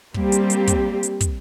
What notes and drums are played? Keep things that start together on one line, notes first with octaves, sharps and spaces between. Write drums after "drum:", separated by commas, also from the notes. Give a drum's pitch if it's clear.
G3 A#3 C4 G4, drum: kick
drum: hi-hat
drum: hi-hat
drum: kick, hi-hat
drum: hi-hat
drum: kick, hi-hat